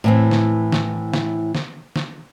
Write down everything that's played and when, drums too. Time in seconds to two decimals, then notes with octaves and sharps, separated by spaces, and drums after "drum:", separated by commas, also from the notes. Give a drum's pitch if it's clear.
0.04 A2 E3 C4
0.31 drum: snare
0.72 drum: snare
1.14 drum: snare
1.55 drum: snare
1.96 drum: snare